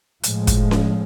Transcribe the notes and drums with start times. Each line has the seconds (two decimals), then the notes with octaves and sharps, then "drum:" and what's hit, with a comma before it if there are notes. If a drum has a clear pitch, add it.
0.24 A2 F3 G#3, drum: hi-hat
0.47 drum: kick, hi-hat
0.71 drum: snare C#4